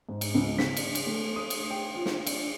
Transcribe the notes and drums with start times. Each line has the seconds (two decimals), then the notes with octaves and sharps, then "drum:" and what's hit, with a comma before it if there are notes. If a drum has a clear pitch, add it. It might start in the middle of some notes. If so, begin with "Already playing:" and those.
0.09 G#2
0.21 drum: cymbal
0.35 C#2
0.59 B6, drum: snare
0.77 D4, drum: cymbal
0.95 drum: cymbal
1.07 A3
1.36 D#6
1.50 drum: cymbal
1.70 G5
1.95 F4
2.06 drum: snare
2.27 D4, drum: cymbal